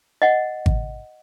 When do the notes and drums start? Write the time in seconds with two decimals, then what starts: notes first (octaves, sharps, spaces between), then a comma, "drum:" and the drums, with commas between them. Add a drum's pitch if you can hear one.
0.22 D#5 F#5
0.66 drum: kick G#1